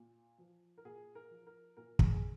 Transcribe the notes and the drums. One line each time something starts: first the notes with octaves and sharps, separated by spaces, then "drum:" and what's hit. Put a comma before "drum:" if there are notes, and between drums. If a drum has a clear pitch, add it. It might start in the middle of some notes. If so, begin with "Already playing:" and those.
Already playing: A#2
F3
A#4
A#2 G#4
A#4
F3
A#4
A#2 A#4
G#4, drum: kick
G#4